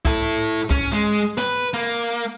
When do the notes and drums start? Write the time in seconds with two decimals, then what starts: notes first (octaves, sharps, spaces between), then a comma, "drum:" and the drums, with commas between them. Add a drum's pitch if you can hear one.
0.05 E4 A4, drum: kick C2
0.71 C#4, drum: kick C2
0.92 G#3
1.38 B4, drum: snare
1.74 A#3